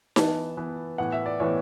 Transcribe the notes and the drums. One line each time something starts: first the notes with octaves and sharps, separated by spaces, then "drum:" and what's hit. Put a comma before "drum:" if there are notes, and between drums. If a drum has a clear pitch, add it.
E3 B3 A5, drum: snare D#4
E3 B3
A2 E3 B3 F#5
E5
D5
A2 E3 B3 C#5